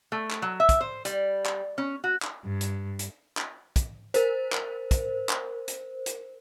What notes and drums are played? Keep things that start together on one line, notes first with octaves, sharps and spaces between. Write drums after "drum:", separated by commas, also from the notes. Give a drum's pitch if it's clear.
A3
drum: clap
F#3
E5
drum: kick, hi-hat
C5
G3, drum: hi-hat
drum: clap
C#4
F#4
drum: clap
G2
drum: hi-hat
drum: hi-hat
drum: clap
drum: kick, hi-hat
A#4 C5, drum: hi-hat
drum: clap
drum: kick, hi-hat
drum: clap
drum: hi-hat
drum: hi-hat